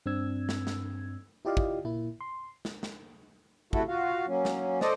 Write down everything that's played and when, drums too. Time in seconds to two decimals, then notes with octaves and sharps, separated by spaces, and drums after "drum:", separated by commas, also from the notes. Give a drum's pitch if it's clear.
0.06 G2 C4 D4 E6 G#6
0.49 drum: snare
0.67 drum: snare
1.45 E4 F4 G4 D5 D#5 F5
1.57 drum: kick
1.85 A#2 A#3 E4
2.21 C6
2.65 drum: snare
2.83 drum: snare
3.73 C3 A3 E4 F#4 A4, drum: kick
3.88 F4 F#4 F5
4.27 F#3 A#3 C#4
4.45 drum: snare
4.81 A4 C5 D5 D#5, drum: snare